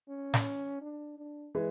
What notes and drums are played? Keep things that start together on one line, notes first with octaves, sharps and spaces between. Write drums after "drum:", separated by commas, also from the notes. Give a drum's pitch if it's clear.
C#4
drum: snare
D4
D4
E3 G#3